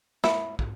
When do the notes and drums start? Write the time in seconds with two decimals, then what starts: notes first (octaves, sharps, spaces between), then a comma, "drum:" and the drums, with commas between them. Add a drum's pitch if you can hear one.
0.24 E4, drum: snare
0.59 drum: kick